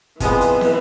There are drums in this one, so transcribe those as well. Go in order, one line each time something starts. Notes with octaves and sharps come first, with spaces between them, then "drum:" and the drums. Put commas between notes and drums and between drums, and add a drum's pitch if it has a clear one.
C3 E3 F3 G#3 B3, drum: kick, hi-hat
drum: hi-hat
drum: snare